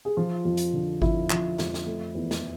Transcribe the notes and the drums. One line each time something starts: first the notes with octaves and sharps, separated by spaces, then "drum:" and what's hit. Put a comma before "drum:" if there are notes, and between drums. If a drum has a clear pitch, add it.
G#4
F3 F4
F2
drum: hi-hat
D3
F2 E4, drum: kick G#1
F3, drum: clap
F2, drum: snare
drum: snare
A3
E2
drum: snare